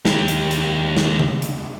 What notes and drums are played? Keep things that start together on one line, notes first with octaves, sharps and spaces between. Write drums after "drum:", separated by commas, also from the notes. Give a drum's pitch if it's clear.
D#2 G4, drum: snare
drum: hi-hat
drum: hi-hat
drum: snare
drum: tom C#3
drum: hi-hat